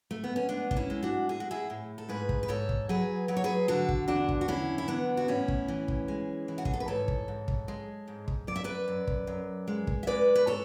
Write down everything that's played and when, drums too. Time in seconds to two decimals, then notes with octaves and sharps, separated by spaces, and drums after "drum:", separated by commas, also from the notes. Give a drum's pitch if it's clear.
0.11 A3
0.24 B3
0.36 C#4
0.49 G#3 B3 D4
0.71 D4, drum: kick
0.77 C#4 E4
0.90 G#3
1.03 D4 F#4
1.29 A2 G#4
1.40 F#4
1.51 E4 G#4
1.70 A2
1.98 A4
2.09 G#2 G#4 B4
2.29 drum: kick
2.43 B4
2.48 G#2 A4 C#5
2.69 drum: kick
2.89 F#3 G#4 B4
3.28 F#3 B4
3.37 C#5
3.44 G#4 B4
3.68 D3 F#4 A4
3.89 drum: kick
4.08 E2 D4 F#4
4.29 drum: kick
4.41 F#4
4.48 D3 C#4 E4
4.78 E4
4.88 E2 B3 D4
5.17 F#4
5.28 A2 C#4 E4
5.48 drum: kick
5.68 E3
5.88 drum: kick
6.08 G#3
6.48 E3
6.58 F#4
6.65 G#4, drum: kick
6.74 A4
6.80 B4
6.88 G#2 A4 C#5
7.08 drum: kick
7.28 G#2
7.48 drum: kick
7.68 G#3
8.08 G#2
8.28 drum: kick
8.47 F#2 D5
8.56 E5
8.64 B4 D5
8.88 F#2
9.07 drum: kick
9.27 F#2
9.68 G#3
9.87 drum: kick
10.03 E5
10.07 G#3 B4 D5
10.35 B4
10.47 A4 C#5